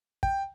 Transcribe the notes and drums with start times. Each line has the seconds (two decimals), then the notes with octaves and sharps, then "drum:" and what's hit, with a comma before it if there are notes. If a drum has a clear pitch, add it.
0.23 G5, drum: kick